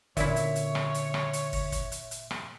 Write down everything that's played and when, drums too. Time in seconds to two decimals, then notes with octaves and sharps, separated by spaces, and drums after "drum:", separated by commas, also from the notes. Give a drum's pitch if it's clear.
0.17 A#2 D3 C#4 E4 C#5 E5, drum: kick, hi-hat
0.36 drum: hi-hat
0.56 drum: hi-hat
0.75 drum: rim click
0.94 drum: hi-hat
1.14 drum: rim click
1.33 drum: hi-hat
1.53 drum: kick, open hi-hat
1.72 drum: kick, hi-hat
1.92 drum: hi-hat
2.11 drum: hi-hat
2.31 drum: rim click